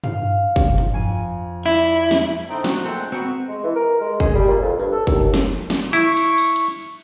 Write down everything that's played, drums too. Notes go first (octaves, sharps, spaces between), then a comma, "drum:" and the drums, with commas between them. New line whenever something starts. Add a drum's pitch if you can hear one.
F5, drum: tom G2
drum: kick
drum: tom G2
F2 G#5 D#7
E4 D5
drum: snare
D3 C4 D#4
F#4 F#6, drum: snare
A#2 G#3 A3 C4 C5 F#5
B3 C4 F#4 A#5
G#3
E3
A#4
G#3
G#4, drum: kick
G3
A#2
F2
G2
A4
D#2, drum: kick
drum: snare
drum: snare
E4 C#6
drum: cymbal
drum: open hi-hat
drum: cymbal